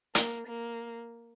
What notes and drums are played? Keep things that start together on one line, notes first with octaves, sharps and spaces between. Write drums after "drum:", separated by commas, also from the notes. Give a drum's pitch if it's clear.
A#3, drum: hi-hat
A#3